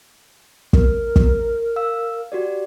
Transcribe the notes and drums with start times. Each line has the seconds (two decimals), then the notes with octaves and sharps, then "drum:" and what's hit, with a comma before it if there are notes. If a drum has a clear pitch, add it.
0.73 A#4, drum: kick
1.16 drum: kick
1.76 F5 E6
2.32 F#4 G4 D5